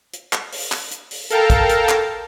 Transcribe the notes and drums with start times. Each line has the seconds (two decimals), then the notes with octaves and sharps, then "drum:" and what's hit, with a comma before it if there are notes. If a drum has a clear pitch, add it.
0.13 drum: hi-hat
0.33 drum: clap
0.52 drum: open hi-hat
0.72 drum: clap
0.91 drum: hi-hat
1.11 drum: open hi-hat
1.30 A4 A#4 F5 G5 A5 A#5, drum: hi-hat
1.50 drum: kick, hi-hat
1.69 drum: hi-hat
1.89 drum: clap